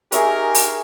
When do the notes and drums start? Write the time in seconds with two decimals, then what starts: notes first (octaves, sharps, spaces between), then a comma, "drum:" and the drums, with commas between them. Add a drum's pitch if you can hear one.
0.12 D#4 G4 G#4 A#4 E5 C#6, drum: hi-hat
0.55 drum: open hi-hat